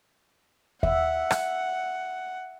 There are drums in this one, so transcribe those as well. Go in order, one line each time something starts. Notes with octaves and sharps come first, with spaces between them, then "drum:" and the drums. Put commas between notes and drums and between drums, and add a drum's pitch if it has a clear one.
E5 F#5, drum: kick D#2
drum: rim click